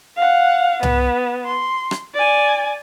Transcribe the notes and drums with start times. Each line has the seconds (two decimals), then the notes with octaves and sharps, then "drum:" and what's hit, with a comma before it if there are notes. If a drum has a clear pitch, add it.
0.17 F5 F#5
0.83 B3, drum: tom C2
1.46 C6
1.91 drum: rim click
2.15 D5 G#5